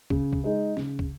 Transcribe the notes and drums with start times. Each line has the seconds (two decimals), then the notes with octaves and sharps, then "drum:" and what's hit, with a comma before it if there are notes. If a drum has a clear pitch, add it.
0.10 C#3, drum: kick
0.33 drum: kick
0.44 G#3 D#4 G#4
0.77 C#3, drum: snare
0.99 drum: kick